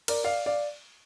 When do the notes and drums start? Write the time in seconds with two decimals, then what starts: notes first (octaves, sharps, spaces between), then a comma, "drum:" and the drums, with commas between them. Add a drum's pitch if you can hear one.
0.08 A#4 D5, drum: cymbal
0.24 D5 F5
0.46 D5 F5